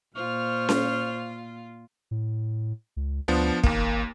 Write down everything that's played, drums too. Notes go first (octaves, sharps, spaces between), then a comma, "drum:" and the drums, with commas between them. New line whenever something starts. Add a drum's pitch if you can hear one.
A#2 F4 C5 C#6 F6
drum: snare C#4
A2
C#2
D2 F3 B3 D4
G#1 D#2 A#3, drum: kick